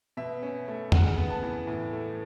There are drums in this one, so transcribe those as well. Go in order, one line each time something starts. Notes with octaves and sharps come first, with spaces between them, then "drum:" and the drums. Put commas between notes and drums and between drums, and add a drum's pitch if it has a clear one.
B2 E5
C#4
A3
C#3 F#5, drum: tom
B3
A5
E3
A2
A3